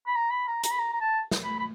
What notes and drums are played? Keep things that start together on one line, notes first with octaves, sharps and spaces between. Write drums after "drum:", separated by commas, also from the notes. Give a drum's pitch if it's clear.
B5
A#5
B5
A#5
A#5, drum: hi-hat
B5
A#5
A#5
A5
drum: snare
B5
B5